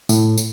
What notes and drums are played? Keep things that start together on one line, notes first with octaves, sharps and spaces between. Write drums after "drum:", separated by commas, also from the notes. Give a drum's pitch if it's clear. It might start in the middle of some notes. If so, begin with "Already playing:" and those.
A2, drum: tambourine
drum: tambourine